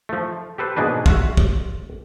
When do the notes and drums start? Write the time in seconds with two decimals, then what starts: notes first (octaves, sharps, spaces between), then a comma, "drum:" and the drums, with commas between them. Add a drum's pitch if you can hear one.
0.09 F3 A3
0.58 G4 A4 B4 C5
0.76 G#2 B2 G#3 A#3 D4 B4
1.06 F4 F#4 E5, drum: kick
1.37 drum: kick